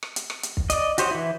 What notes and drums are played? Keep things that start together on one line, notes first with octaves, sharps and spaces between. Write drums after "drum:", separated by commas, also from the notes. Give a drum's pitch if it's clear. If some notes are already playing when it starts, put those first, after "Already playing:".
drum: rim click
drum: hi-hat
drum: rim click
drum: hi-hat
drum: kick
D5 D#5, drum: hi-hat
F#4 G4 C5 C#5 D#5, drum: hi-hat
E3 E4